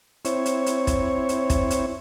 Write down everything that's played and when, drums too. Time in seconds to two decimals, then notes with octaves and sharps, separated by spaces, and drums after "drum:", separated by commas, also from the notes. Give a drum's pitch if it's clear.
0.25 C4 E4 C#5, drum: hi-hat
0.46 drum: hi-hat
0.66 drum: hi-hat
0.87 drum: kick, hi-hat
1.29 drum: hi-hat
1.50 drum: kick, hi-hat
1.70 drum: hi-hat